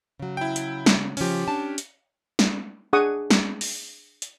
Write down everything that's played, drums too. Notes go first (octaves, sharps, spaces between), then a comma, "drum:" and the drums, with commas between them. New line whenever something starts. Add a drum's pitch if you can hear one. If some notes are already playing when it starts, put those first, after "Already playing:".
C#3 F#3
E4 G5
drum: hi-hat
drum: snare
C#3 F3 C#4 G4, drum: open hi-hat
D4 A5
drum: hi-hat
drum: snare
D4 G#4 F#5 C#6 D#6
drum: snare
drum: open hi-hat
drum: hi-hat